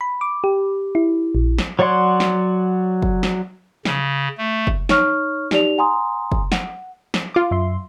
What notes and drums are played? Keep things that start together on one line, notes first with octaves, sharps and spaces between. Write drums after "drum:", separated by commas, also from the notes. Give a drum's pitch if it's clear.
B5
D6
G4
E4
A#1
drum: snare
F#3 C#5 D5 F#5 C6
drum: snare
drum: kick
drum: snare
C#3, drum: snare
A3
drum: kick
D#4 C#5 C#6 F6, drum: snare
D#4 G4 D5 F7, drum: snare
F#5 G#5 A#5 C6 D#6
drum: kick
F#5, drum: snare
drum: snare
F4 D6
F#2 E5 C6